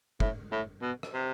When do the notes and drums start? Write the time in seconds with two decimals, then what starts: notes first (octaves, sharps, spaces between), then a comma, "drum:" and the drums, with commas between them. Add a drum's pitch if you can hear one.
0.20 A2, drum: kick
0.52 A2
0.82 B2
1.03 drum: rim click
1.14 C3